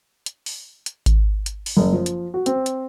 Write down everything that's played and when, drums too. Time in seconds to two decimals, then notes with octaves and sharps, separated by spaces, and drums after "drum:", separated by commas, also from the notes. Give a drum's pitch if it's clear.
0.26 drum: hi-hat
0.46 drum: open hi-hat
0.86 drum: hi-hat
1.06 drum: kick G#1, hi-hat
1.46 drum: hi-hat
1.66 drum: open hi-hat
1.77 F#1
1.92 F3
2.06 drum: hi-hat
2.34 F#4
2.46 C4, drum: hi-hat
2.66 drum: hi-hat